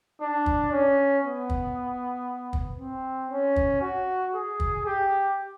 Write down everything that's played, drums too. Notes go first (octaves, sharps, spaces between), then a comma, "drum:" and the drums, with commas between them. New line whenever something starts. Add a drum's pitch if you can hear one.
D4
drum: kick
C#4
B3
drum: kick
drum: kick
C4
C#4
drum: kick
F#4
G#4
drum: kick
G4